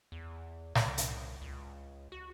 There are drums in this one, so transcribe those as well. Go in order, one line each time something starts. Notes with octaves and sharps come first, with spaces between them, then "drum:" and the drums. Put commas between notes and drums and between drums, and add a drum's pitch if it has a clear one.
E2
C2, drum: snare
drum: hi-hat
C#2
F#4